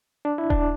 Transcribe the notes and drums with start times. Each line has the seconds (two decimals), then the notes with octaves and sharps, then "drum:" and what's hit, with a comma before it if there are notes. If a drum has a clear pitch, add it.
0.25 D4
0.38 E4
0.50 D4, drum: kick D#1